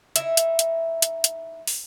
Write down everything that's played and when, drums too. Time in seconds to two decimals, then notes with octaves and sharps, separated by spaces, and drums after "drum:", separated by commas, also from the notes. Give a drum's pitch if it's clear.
0.16 D#4 E4 E5, drum: hi-hat
0.37 drum: hi-hat
0.59 drum: hi-hat
1.02 drum: hi-hat
1.24 drum: hi-hat
1.67 drum: open hi-hat